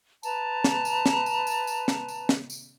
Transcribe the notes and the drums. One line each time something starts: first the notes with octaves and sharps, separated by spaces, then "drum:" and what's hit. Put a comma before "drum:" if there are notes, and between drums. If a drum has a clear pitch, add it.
B4 A5 A#5, drum: tambourine
drum: snare
drum: tambourine
drum: snare
drum: tambourine
drum: tambourine
drum: tambourine
drum: snare
drum: tambourine
drum: snare
drum: tambourine